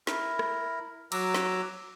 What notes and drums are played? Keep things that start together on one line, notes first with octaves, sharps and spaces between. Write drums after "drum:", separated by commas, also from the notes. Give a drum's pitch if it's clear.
E4 A#4, drum: snare
drum: rim click
F#3 A#5 D6 E6, drum: cymbal
drum: snare